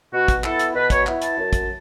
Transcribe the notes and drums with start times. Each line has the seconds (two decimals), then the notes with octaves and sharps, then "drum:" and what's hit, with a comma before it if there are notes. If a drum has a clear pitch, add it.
0.13 B2 F#4
0.28 drum: kick, hi-hat
0.44 B3 E4 A4, drum: clap
0.59 drum: hi-hat
0.75 B2 B4
0.90 C#5, drum: kick, hi-hat
1.06 B3 E4, drum: clap
1.22 A5, drum: hi-hat
1.37 F#2
1.53 drum: kick, hi-hat